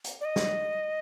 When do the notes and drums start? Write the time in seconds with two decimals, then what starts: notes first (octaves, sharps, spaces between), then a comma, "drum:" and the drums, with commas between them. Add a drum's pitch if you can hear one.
0.04 drum: hi-hat
0.21 D5
0.25 D#5
0.36 drum: snare G3